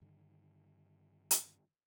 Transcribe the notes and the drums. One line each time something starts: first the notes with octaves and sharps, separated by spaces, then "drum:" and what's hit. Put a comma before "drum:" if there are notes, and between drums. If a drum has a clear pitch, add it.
G2 D3 D#3
drum: hi-hat